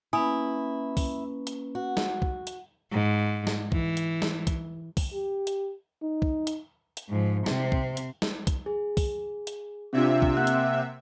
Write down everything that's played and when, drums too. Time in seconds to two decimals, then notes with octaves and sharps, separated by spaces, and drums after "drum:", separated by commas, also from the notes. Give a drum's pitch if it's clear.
0.13 A#3 C#4 E4 B4 G#5 D#6
0.97 drum: kick, open hi-hat
1.47 drum: hi-hat
1.75 F#4
1.97 drum: snare
2.22 drum: kick
2.47 drum: hi-hat
2.92 G#2
3.47 drum: snare
3.72 E3, drum: kick
3.97 drum: hi-hat
4.22 drum: snare
4.47 drum: kick, hi-hat
4.97 drum: kick, open hi-hat
5.14 G4
5.47 drum: hi-hat
6.03 D#4
6.22 drum: kick
6.47 drum: hi-hat
6.97 drum: hi-hat
7.09 G#2 F3
7.46 C3 C4, drum: snare
7.72 drum: kick
7.97 drum: hi-hat
8.22 drum: snare
8.47 drum: kick, hi-hat
8.66 G#4
8.97 drum: kick, open hi-hat
9.47 drum: hi-hat
9.93 C3 C4 D4 F4 E5
10.22 drum: kick
10.37 A#3 F#5 F#6
10.47 drum: hi-hat